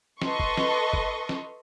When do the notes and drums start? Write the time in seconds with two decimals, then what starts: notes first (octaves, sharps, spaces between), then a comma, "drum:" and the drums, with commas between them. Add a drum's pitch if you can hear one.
0.22 A4 B4 D#5 C6 C#6, drum: snare
0.39 drum: kick
0.57 drum: snare
0.93 drum: kick
1.29 drum: snare